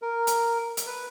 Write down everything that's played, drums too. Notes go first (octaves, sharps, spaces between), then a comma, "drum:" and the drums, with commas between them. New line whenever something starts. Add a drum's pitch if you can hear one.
A#4
drum: hi-hat
drum: hi-hat
B4